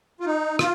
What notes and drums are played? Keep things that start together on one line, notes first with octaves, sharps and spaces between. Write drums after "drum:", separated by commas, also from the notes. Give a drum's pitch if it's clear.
F4
D#4
F4, drum: rim click